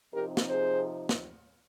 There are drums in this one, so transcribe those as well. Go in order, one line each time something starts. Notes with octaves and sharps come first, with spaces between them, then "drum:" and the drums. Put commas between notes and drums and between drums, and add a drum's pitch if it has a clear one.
C3 F3 C4 D#4 G4 A#4
drum: snare
G#4 C5
drum: snare